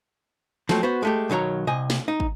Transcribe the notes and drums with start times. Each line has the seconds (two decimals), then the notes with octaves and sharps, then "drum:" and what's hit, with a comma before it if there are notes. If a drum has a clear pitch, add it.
0.69 F3 F#3 A3 C4, drum: snare
0.83 B3 F#4 C5
1.03 G#3 A3 G4
1.30 B1 D#3 F#3 C#5 A#5
1.67 C2 C3 D#5 G#5
1.90 drum: snare
2.08 D#4
2.20 drum: kick